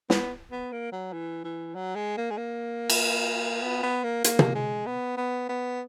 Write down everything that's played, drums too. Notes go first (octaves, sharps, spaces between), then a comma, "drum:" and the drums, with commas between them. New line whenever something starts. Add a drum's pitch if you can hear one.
B3, drum: snare
B3
A#3
F#3
E3
E3
F#3
G#3
A#3
G#3
A#3
drum: cymbal
B3
B3
A#3
A#3, drum: hi-hat
drum: tom
G#3
B3
B3
B3